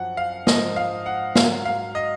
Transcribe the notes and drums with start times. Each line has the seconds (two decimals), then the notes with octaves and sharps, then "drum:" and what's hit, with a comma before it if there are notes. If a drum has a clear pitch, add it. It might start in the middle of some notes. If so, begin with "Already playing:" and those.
Already playing: F#2 F3 F#5
0.17 F5
0.47 G#2 F3 D#5, drum: snare
0.76 F5
1.06 F#5
1.35 G#2 F#3 F5, drum: snare
1.65 F5
1.95 D#5